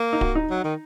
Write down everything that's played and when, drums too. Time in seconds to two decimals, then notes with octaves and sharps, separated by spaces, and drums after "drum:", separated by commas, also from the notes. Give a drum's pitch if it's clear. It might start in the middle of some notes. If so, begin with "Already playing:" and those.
Already playing: A#3
0.13 D#4
0.21 F#4, drum: kick D1
0.35 D#4
0.50 F#3
0.64 D#3